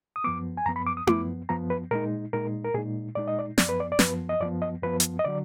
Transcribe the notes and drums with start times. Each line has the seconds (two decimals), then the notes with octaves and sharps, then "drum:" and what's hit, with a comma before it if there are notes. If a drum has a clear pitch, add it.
0.16 D#6
0.24 F#2 F3 B3 D6
0.57 G#5
0.66 F#2 F3 B3 A#5
0.76 B5
0.87 D6
0.97 D#6
1.07 F#2 F3 B3 D6, drum: tom E4
1.49 F#2 F3 B3 A#5
1.70 B4
1.91 A#2 G#3 D#4 A#4
2.33 A#2 G#3 D#4 A#4
2.64 A#4
2.74 A#2 G#3 D#4 G#4
3.15 A#2 G#3 D#4 D5
3.28 D#5
3.39 D5
3.58 F#2 F3 B3 D5, drum: snare
3.69 B4
3.80 D5
3.92 D5
3.99 F#2 F3 B3 B4, drum: snare
4.29 D#5
4.41 F#2 F3 B3 D5
4.62 D#5
4.83 F#2 F3 B3 B4
5.00 drum: hi-hat
5.19 D#5
5.25 D3 F#3 D5